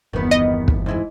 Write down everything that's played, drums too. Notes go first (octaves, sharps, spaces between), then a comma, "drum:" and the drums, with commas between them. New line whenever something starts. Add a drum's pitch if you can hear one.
G1 E2 D#3 B3
D#5
drum: kick
G#2 E4 G#4